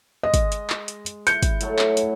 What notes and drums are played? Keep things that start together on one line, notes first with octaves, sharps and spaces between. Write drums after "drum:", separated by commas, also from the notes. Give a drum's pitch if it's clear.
G#3 D#5
drum: kick, hi-hat
drum: hi-hat
drum: clap
drum: hi-hat
drum: hi-hat
E4 G6 C#7, drum: hi-hat
drum: kick, hi-hat
A2 F#3 A3, drum: hi-hat
drum: clap
drum: hi-hat